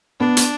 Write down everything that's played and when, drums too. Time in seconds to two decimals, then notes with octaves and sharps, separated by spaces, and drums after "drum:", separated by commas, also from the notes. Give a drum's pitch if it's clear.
0.20 B3 D4
0.37 drum: hi-hat